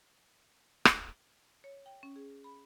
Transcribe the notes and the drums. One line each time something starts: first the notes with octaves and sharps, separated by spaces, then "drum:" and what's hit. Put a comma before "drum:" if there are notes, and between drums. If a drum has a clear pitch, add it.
drum: rim click
C#5
G5
C#4
G#4
B5